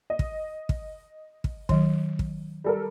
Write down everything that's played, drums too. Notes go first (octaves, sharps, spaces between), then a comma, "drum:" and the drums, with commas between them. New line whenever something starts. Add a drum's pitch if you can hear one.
D#5
drum: kick
drum: kick
drum: kick
D#3 F#3, drum: kick
drum: kick
G3 A4 A#4